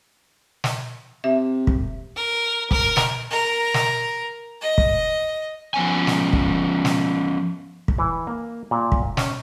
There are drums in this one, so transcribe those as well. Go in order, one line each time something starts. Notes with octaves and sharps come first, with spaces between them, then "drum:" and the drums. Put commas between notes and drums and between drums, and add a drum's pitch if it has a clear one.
drum: snare
C3 E5
drum: kick
A#4
A#4, drum: kick
drum: snare
A#4
drum: snare
D#5
drum: kick
F3 B3 C#4 G#5
drum: snare
drum: kick
drum: snare
drum: kick
E3
A#3
A#2
drum: kick
C#4, drum: snare